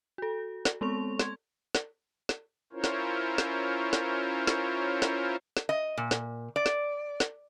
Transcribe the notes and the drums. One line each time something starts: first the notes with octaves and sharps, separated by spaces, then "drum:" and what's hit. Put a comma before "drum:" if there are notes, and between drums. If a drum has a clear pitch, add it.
F#4 A4
drum: snare
G#3 B3 C4 A4 C#6 F7
C6 G#6, drum: snare
drum: snare
drum: snare
C#4 E4 F4 A#4 C5 C#5
drum: snare
drum: snare
drum: snare
drum: snare
drum: snare
drum: snare
D#5
A#2
drum: snare
D5
drum: snare
drum: snare